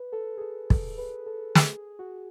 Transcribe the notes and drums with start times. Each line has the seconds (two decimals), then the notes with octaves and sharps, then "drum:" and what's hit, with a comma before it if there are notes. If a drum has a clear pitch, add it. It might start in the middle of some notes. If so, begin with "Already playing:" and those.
Already playing: B4
0.12 A4
0.37 G#4
0.41 A4
0.70 A4, drum: kick
0.98 B4
1.26 A4
1.55 G#4, drum: snare
1.99 F#4